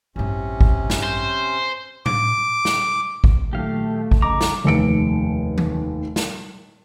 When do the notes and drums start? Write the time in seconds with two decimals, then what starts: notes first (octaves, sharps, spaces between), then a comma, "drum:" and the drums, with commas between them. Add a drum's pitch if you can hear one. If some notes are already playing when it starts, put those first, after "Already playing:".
0.16 A1 G2 C3 C#4
0.61 drum: kick G#1
0.90 drum: snare
1.03 C5
2.06 D6, drum: tom A2
2.65 drum: snare
3.24 drum: kick G#1
3.53 A#2 D#3 F#3 A3 G4 F5
4.11 drum: kick G#1
4.22 F2 C#3 D#5 A#5 D6
4.41 drum: snare
4.64 F1 D#2 C#7 D7
5.58 drum: tom D#3
6.16 drum: snare